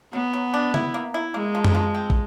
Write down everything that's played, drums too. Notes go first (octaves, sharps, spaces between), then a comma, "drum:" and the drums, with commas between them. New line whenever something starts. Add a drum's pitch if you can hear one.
F#3 B3
F#3
D4
E4, drum: tom C#3
A#3
E4
G#3 A#3
F3
drum: tom F#2
F3
C4
drum: kick